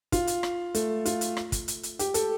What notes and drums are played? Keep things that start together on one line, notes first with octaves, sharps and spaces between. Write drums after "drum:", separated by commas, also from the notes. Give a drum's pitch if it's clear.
F4, drum: kick, hi-hat
drum: hi-hat
drum: rim click
A3, drum: hi-hat
F4, drum: hi-hat
drum: hi-hat
drum: rim click
drum: kick, hi-hat
drum: hi-hat
drum: hi-hat
G4, drum: hi-hat
A4, drum: hi-hat